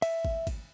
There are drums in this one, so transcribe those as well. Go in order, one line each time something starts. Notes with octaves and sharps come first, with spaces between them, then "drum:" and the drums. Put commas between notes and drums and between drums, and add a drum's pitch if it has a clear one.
E5, drum: cymbal
drum: kick
drum: kick, cymbal